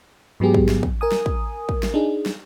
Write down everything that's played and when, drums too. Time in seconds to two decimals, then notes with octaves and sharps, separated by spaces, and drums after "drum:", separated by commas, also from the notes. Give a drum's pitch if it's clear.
0.40 G#2 F#3 B3 G4 G#4
0.54 drum: kick
0.69 drum: snare
0.83 drum: kick
1.01 A#4 G#5 D#6
1.12 drum: snare
1.26 drum: kick
1.69 drum: kick
1.83 drum: snare
1.94 D4 D#4 G#4
2.26 drum: snare